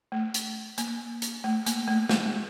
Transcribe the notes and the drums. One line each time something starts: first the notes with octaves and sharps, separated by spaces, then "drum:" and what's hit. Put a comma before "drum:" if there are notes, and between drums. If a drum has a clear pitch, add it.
A3
drum: hi-hat
A#3, drum: hi-hat
drum: hi-hat
A3
A#3, drum: hi-hat
A3
G#3, drum: snare
G#3